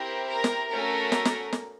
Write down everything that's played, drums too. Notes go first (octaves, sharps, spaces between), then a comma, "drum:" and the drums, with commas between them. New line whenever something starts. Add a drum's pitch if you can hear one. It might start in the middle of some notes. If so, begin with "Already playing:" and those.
Already playing: C4 E4 G4 A#4
A#4
drum: snare
A3 C#4 F#4 A4 A#4
drum: snare
drum: snare
drum: snare